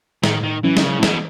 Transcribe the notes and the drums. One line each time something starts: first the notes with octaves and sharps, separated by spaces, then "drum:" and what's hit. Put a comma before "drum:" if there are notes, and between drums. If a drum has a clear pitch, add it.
A2 D#3, drum: snare
D#3
E3 F#3 C#4 E4
D#3, drum: snare
C#3
A2
B2 E3, drum: snare